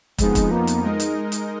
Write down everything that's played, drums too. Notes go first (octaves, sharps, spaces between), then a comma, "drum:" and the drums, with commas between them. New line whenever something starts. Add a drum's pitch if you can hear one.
F2 F3 G#3 B3 D#4, drum: kick, hi-hat
drum: kick, hi-hat
A#3
drum: hi-hat
G#3 D#4 A#4 D#5
drum: hi-hat
drum: hi-hat